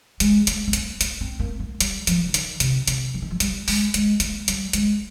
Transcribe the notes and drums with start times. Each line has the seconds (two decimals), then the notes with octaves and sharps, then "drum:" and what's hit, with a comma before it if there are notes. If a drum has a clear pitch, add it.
0.20 G#3, drum: hi-hat
0.47 A#3, drum: hi-hat
0.67 G#3
0.73 A#3, drum: hi-hat
1.01 A#3, drum: hi-hat
1.21 C4
1.40 A#3
1.60 A#3
1.80 G3, drum: hi-hat
2.07 F3, drum: hi-hat
2.25 D3
2.34 D#3, drum: hi-hat
2.60 C3, drum: hi-hat
2.88 D#3, drum: hi-hat
3.14 F3
3.22 D#3
3.31 F3
3.40 G3, drum: hi-hat
3.68 G#3, drum: open hi-hat
3.94 G#3, drum: hi-hat
4.20 A#3, drum: hi-hat
4.48 G3, drum: hi-hat
4.73 G#3, drum: hi-hat